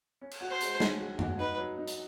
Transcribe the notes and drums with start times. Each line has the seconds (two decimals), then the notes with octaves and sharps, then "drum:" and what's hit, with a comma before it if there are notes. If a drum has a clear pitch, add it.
0.21 C#4
0.31 drum: cymbal
0.41 F#4
0.50 C5
0.61 G#3, drum: hi-hat
0.80 C#4, drum: snare
0.99 F#4
1.19 F#4, drum: tom F#2
1.39 D#4 B4
1.57 F#3
1.77 D#4
1.88 drum: hi-hat